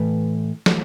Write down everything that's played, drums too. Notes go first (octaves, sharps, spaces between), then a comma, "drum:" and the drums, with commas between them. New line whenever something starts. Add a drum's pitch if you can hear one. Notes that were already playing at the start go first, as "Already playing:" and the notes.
Already playing: A2 E3 A3 B4
E3 A3, drum: snare